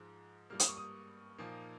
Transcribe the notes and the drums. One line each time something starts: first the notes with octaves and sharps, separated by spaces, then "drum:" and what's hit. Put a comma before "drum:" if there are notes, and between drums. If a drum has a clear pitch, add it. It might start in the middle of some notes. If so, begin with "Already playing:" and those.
Already playing: G#2 F3 G#3
G2 G3 A#3 F6
D#6, drum: hi-hat
C#6
D#6
A#2 F3 A#3 D#4